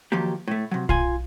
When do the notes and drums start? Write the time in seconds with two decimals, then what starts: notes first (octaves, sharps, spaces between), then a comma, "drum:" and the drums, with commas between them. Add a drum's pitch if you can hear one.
0.12 D#3 F3 F#3 A#3 G4
0.48 A2 A3
0.71 C3 F#3
0.89 F4 G#5, drum: kick